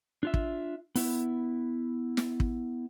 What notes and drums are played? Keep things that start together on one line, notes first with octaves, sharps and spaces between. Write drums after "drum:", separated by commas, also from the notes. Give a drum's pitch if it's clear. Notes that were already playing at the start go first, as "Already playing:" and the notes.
D4 F4 E5
drum: kick
B3 E4, drum: open hi-hat
drum: snare
drum: kick